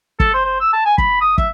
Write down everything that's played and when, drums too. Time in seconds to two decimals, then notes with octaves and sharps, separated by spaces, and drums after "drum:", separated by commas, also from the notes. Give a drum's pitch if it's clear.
0.20 A4, drum: kick
0.34 C5
0.45 C5
0.61 E6
0.73 A5
0.85 G#5
0.98 B5, drum: kick
1.21 D#6
1.38 E5, drum: kick